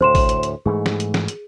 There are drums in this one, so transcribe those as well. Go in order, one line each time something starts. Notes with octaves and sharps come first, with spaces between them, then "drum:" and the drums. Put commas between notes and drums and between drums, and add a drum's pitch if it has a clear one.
D2 A2 C5 C6 E7
drum: kick A1, open hi-hat
drum: hi-hat
drum: hi-hat
G#2 E3 A3 G#4
drum: snare
drum: hi-hat
drum: snare
drum: hi-hat